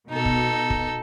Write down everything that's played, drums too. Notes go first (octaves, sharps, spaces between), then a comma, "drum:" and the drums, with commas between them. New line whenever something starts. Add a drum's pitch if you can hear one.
B2 D#4 A4
drum: kick
drum: kick